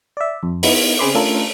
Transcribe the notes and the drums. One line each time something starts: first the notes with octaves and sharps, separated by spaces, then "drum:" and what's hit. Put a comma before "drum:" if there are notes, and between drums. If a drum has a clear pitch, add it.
D5 E5
F2
B3 D#4 E4, drum: open hi-hat
C#3 C4 G#4 B5 C6 D6
A3 C#4 D4 F4 A4 A#4